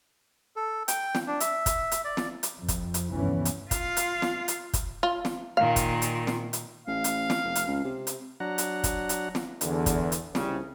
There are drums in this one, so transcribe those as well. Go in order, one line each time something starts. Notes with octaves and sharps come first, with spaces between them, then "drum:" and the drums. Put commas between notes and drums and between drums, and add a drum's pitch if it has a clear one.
A4
G5, drum: hi-hat
drum: snare
D4
E5, drum: hi-hat
drum: kick, hi-hat
drum: hi-hat
D5
drum: snare
drum: hi-hat
F2
drum: kick, hi-hat
drum: hi-hat
F1 D2 G2 E3 B3 C#4
drum: hi-hat
F4 F5, drum: kick, hi-hat
drum: hi-hat
drum: snare
drum: hi-hat
drum: kick, hi-hat
F4
drum: snare
A#2 D#3 F5
drum: kick, hi-hat
drum: hi-hat
drum: snare
drum: hi-hat
A1 F5
drum: hi-hat
drum: snare
F1
drum: hi-hat
C#2
C3
drum: hi-hat
F#3 D4 F#5 A#5
drum: hi-hat
drum: kick, hi-hat
drum: hi-hat
drum: snare
E2 D3, drum: hi-hat
drum: kick, hi-hat
drum: hi-hat
C2 C#3 G3, drum: snare